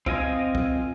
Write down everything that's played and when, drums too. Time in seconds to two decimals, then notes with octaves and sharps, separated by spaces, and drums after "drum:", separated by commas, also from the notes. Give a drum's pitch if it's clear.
0.06 C4 F4 D#5 G#5, drum: kick
0.55 drum: kick